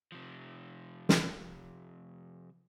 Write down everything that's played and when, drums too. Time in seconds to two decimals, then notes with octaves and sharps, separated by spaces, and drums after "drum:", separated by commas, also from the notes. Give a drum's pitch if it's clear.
0.12 C3 F3
1.09 drum: snare